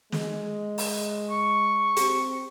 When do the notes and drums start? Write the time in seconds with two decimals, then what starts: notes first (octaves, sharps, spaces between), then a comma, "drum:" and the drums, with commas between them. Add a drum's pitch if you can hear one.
0.12 G#3, drum: snare
0.78 drum: open hi-hat
1.31 C#6
1.96 C4, drum: hi-hat